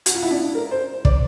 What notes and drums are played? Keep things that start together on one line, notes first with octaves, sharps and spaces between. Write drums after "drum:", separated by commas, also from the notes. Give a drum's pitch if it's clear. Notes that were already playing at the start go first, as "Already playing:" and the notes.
F#4, drum: hi-hat
F4
E4
D4
A#4
C5
D5, drum: kick